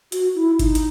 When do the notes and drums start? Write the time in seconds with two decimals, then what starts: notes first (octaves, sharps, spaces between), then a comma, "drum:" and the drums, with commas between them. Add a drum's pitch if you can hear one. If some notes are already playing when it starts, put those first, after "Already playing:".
0.12 F#4, drum: hi-hat
0.35 E4
0.59 D#4, drum: kick G1, hi-hat
0.75 drum: hi-hat